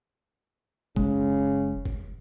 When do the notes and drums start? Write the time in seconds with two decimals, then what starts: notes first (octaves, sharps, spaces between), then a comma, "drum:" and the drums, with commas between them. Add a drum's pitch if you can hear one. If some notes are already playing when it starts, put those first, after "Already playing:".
0.96 F#1 C#3 G#3, drum: kick
1.85 drum: kick